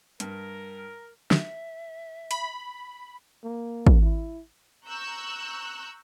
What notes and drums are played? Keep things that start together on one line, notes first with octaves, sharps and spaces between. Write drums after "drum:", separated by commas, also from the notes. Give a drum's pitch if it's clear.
G2 A#4, drum: hi-hat
E5, drum: snare
B5, drum: hi-hat
A#3
drum: kick
E4
A#5 C#6 E6 F#6 G6